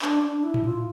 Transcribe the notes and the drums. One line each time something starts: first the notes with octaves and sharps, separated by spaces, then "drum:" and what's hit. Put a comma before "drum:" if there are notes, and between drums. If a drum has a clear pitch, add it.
D4, drum: clap
D4
E4
drum: tom A2
F4